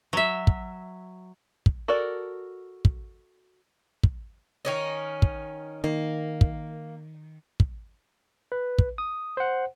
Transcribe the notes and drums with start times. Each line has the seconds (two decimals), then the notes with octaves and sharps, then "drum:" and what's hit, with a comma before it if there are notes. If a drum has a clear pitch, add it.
0.13 F#3 E5
0.47 drum: kick
1.66 drum: kick
1.88 F#4 A4 A#4 D5
2.85 drum: kick
4.03 drum: kick
4.65 D#3 C#4 D#4
5.22 drum: kick
5.84 D#3 A#3
6.41 drum: kick
7.60 drum: kick
8.52 B4
8.78 drum: kick
8.98 D#6
9.37 C5 F#5